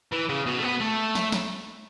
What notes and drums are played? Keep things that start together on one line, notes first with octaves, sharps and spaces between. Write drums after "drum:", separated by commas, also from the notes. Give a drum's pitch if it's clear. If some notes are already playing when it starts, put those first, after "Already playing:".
E3
C#3
B2
A3
B3
A3
drum: snare
drum: snare